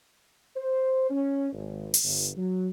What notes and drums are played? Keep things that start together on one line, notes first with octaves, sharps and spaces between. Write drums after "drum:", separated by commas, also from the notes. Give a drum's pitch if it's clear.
C5
C#4
G#1
drum: open hi-hat
G1
F#3